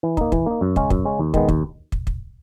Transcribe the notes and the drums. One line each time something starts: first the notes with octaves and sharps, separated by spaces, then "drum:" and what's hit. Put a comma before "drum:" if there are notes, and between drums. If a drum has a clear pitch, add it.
E3
A#3 D#4, drum: kick
E3, drum: kick
A#3 D#4
F#2
C#3 G#3 C#4, drum: kick
F#2, drum: kick
C#3 G#3 C#4
D#2
D#3 G#3 B3, drum: kick
D#2, drum: kick
drum: kick
drum: kick